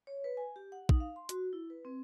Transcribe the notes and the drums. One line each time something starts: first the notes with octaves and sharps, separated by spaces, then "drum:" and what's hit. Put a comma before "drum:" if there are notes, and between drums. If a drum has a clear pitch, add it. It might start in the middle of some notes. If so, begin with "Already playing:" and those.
C#5
B4
G#5
G4
F#5
D#4, drum: kick
F5
C6
F#4, drum: hi-hat
E4
B4
C4